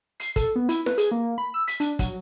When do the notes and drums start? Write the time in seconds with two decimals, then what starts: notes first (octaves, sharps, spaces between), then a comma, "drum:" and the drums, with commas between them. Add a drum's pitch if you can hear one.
0.20 C7, drum: hi-hat
0.36 A4, drum: kick, hi-hat
0.56 B3
0.69 E4, drum: hi-hat
0.86 B4, drum: snare E4
0.98 G#4, drum: hi-hat
1.11 A#3
1.38 B5
1.54 E6
1.68 B6, drum: hi-hat
1.80 D4, drum: hi-hat
1.99 F#3, drum: kick, hi-hat